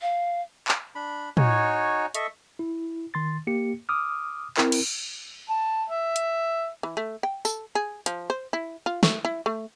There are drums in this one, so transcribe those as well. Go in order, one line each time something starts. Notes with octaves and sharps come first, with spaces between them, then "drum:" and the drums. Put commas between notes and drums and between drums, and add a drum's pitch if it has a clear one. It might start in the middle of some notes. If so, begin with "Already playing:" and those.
F5
drum: clap
D4 B5
D#4 F#4 C#5 G#5, drum: tom
A4 D#5 E5 C#6, drum: hi-hat
E4
D#3 C6 A6
A#3 G4 C#7
D6 D#6 F6
C4 E4 A#4, drum: clap
drum: cymbal
A5
E5
drum: hi-hat
E3
A3
G5
A4, drum: tambourine
G#4
F3, drum: hi-hat
C5
E4
F4
A3, drum: snare
E4
A3